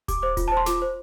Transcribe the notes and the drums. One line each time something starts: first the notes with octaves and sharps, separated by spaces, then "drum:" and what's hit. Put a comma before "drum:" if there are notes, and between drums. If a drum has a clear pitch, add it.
G4 D6, drum: kick D#1, hi-hat
C5 D6
F4, drum: kick D#1, hi-hat
A5
C5 C6
F4 D6, drum: snare
C5